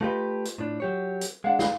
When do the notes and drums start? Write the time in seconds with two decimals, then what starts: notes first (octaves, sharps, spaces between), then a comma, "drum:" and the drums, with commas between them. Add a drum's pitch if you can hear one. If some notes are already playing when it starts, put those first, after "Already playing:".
0.01 A3 F4 G4 B4 D#5
0.45 drum: hi-hat
0.58 A2 D4
0.80 F#3 G4 C#5
1.21 drum: hi-hat
1.44 G#3 D4 F5 F#5
1.59 F5, drum: snare